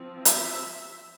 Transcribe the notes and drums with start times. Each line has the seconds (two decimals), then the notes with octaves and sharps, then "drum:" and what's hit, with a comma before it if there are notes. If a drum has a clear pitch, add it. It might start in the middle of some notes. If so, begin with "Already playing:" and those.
Already playing: F3 C4
0.25 E5, drum: hi-hat